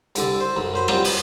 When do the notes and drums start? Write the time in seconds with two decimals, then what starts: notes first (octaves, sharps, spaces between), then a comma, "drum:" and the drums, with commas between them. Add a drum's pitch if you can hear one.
0.15 C2 D3 A4 D5, drum: hi-hat
0.40 C5
0.56 B1 F#2
0.74 F#2 C5 B5
0.88 F#3 G3 C4 F4 C5 D6, drum: rim click
1.04 B4, drum: open hi-hat